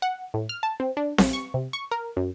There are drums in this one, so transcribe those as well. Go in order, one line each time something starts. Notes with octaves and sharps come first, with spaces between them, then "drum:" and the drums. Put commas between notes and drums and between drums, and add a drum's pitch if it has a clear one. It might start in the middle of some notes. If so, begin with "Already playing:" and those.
F#5
A2
F6
A5
C4
D4
A#1, drum: snare C4
C#6
C3
C#6
A#4
F#2